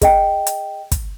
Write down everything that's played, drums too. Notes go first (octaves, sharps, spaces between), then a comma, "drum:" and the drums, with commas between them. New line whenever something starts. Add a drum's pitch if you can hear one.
G#4 D#5 G5, drum: kick, hi-hat
drum: hi-hat
drum: kick, hi-hat